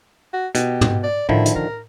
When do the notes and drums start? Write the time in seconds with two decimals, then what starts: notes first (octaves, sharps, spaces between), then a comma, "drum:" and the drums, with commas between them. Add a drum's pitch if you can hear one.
0.33 F#4
0.55 B2 G4, drum: hi-hat
0.81 drum: tom
1.03 D5
1.29 A2 D3 D#3 F3 E4
1.45 drum: hi-hat
1.55 D#4 A#4